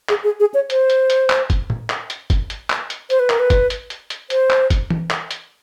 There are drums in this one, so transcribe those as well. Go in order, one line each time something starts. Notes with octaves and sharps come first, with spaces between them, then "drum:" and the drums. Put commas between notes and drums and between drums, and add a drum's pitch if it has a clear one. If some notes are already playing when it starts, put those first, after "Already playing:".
G#4, drum: clap
G#4
G#4
C#5
C5, drum: hi-hat
drum: hi-hat
drum: hi-hat
drum: clap
drum: kick, hi-hat
drum: tom A2
drum: clap
drum: hi-hat
drum: kick, hi-hat
drum: hi-hat
drum: clap
drum: hi-hat
C5, drum: hi-hat
B4
A#4, drum: clap
B4
drum: kick, hi-hat
drum: hi-hat
drum: hi-hat
drum: hi-hat
C5, drum: hi-hat
drum: clap
drum: kick, hi-hat
drum: tom
drum: clap
drum: hi-hat